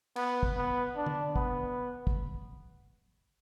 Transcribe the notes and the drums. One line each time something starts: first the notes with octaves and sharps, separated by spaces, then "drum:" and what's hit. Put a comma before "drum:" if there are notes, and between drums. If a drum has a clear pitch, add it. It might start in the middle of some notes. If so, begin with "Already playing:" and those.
B3, drum: cymbal
drum: kick
B3
D4
drum: tom D3
B3, drum: kick
drum: kick